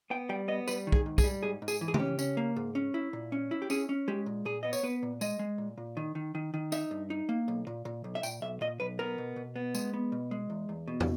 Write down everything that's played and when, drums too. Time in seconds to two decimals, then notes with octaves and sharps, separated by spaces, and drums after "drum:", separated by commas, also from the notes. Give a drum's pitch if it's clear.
0.10 B3 G5
0.29 G3 G5
0.48 B3 D#5
0.68 G3 B4, drum: tambourine
0.87 D#3
0.92 G#4, drum: kick
1.06 G#2
1.18 G#4, drum: kick, tambourine
1.24 G3
1.43 G#2 G#4
1.62 G#2
1.68 G#4, drum: tambourine
1.81 E3
1.88 G#4
1.94 G4, drum: tom C#3
2.00 C#4
2.19 C#4, drum: tambourine
2.37 A#3
2.56 G#2
2.75 C#4
2.94 E4
3.13 A#2
3.32 C#4
3.51 E4
3.62 G4
3.70 C#4 G#4, drum: tambourine
3.89 C#4
4.08 G#3 G4
4.26 A#2
4.45 A#2 G#4
4.63 B3 D#5
4.73 C#5, drum: tambourine
4.83 B3 B4
5.03 A#2
5.21 G#3 D#5, drum: tambourine
5.39 G#3
5.58 A#2
5.78 A#2
5.97 D#3
6.15 D#3
6.35 D#3
6.54 D#3
6.72 D#4 E5, drum: tambourine
6.91 G2
7.10 D#4
7.29 A#3
7.48 B1
7.67 A#2
7.85 A#2
8.04 B1
8.15 E5
8.23 A#2 G5, drum: tambourine
8.42 B1 E5
8.61 A#2 D#5
8.80 B1 B4
8.99 B3 A#4
9.18 B2
9.36 B2
9.56 B3
9.74 G#3, drum: tambourine
9.94 B3
10.12 B2
10.31 G#3
10.50 E2
10.69 E2
10.88 B2
11.00 drum: tom